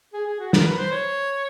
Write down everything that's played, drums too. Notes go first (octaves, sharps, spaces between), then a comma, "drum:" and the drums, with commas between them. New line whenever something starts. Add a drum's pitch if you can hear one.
G#4
G#4
F#4
A#4, drum: snare
B4
C5
C#5